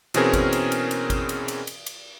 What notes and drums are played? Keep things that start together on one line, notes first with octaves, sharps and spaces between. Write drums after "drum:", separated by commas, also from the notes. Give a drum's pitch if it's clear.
B2 E3 C4 C#4 G#4 A#4, drum: cymbal
drum: kick G#1, cymbal
drum: cymbal
drum: cymbal
drum: cymbal
drum: kick G#1, cymbal
drum: cymbal
drum: cymbal
drum: cymbal
drum: cymbal